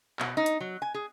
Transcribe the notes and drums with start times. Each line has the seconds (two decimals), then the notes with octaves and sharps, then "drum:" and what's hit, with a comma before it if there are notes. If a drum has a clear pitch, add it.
0.19 B2, drum: clap
0.37 D#4
0.46 drum: hi-hat
0.61 F#3
0.82 G#5
0.94 G#4